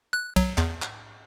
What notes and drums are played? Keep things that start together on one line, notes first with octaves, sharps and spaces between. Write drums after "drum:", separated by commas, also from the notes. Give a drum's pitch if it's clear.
F#6
F#3, drum: kick, cymbal
E2, drum: clap
drum: clap